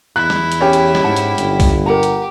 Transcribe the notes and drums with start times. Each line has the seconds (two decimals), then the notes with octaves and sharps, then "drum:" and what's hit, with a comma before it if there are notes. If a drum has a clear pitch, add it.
0.16 E2 E4 F#6
0.30 drum: snare
0.52 drum: hi-hat
0.61 C#4 G4
0.73 drum: hi-hat
0.95 drum: snare
1.04 G#2 F#5 A5
1.16 drum: hi-hat
1.38 G1, drum: hi-hat
1.60 drum: kick B1, open hi-hat
1.86 G4 A#4 F#5 A#5
2.03 drum: hi-hat